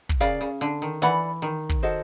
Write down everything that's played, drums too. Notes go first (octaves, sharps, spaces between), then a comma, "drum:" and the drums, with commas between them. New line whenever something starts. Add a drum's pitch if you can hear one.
drum: kick
C#3 A#4 D5 F5
C#3
D3
D#3
E3 B4 D5 F#5 B5
D#3
drum: kick
F#4 A4 C5 D#5